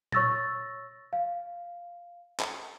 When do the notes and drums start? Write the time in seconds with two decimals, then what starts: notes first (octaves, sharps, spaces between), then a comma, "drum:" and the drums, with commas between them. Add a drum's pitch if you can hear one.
0.12 C#5 C#6 E6 A6 A#6, drum: tom A#2
1.13 F5
2.40 drum: clap